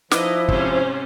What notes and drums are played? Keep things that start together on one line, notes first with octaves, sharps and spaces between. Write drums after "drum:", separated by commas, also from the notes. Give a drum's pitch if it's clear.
F3 D#4 E4 B4 D#5 D6, drum: snare
G#2 C3 C#4 C5, drum: kick